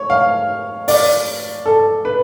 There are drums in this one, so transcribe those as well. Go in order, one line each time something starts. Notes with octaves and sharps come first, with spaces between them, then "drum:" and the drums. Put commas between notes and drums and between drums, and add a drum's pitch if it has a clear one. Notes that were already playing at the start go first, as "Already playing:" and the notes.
Already playing: C#5
F5
D5, drum: open hi-hat
A4
B4